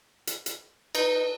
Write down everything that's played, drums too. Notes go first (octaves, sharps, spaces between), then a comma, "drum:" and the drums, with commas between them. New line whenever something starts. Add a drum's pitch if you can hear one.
drum: hi-hat
drum: hi-hat
D#4 B4, drum: cymbal